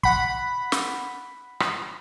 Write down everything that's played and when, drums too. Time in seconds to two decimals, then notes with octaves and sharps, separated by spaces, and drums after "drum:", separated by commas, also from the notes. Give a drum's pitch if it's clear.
0.03 F#5 B5, drum: kick
0.72 drum: snare
1.60 drum: rim click